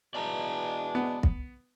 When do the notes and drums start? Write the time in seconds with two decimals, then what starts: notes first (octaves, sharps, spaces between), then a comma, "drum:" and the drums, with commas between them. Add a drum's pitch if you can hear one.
0.15 B2 E3 G#3 D5 A5 A#5
0.95 B3
1.23 drum: kick